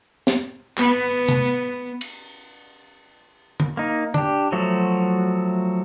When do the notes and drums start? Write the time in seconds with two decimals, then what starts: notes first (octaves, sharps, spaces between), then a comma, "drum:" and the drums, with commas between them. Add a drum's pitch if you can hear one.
0.27 drum: snare
0.78 B3, drum: clap
1.29 drum: tom C3
2.01 drum: cymbal
3.60 drum: tom
3.77 A#3 D#4
4.14 D4 G4, drum: tom
4.52 F3 F#3 A3 F#4